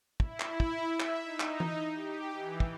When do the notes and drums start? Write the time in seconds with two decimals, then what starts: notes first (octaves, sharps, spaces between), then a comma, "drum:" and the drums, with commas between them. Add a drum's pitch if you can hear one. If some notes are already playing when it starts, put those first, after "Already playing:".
0.20 E4, drum: kick
0.40 drum: clap
0.60 drum: kick
0.86 E5
1.00 drum: clap
1.23 D#4
1.40 drum: clap
1.60 drum: tom E3
1.94 G4
2.33 E3
2.60 drum: kick